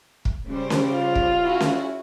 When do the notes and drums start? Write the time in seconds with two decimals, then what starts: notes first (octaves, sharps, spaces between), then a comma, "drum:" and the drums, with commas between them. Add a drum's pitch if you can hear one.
0.25 drum: kick
0.48 C#3 G3 C5
0.70 drum: snare C#4
0.93 F4
1.15 drum: kick
1.42 E4 F#4 G#4
1.60 drum: snare C#4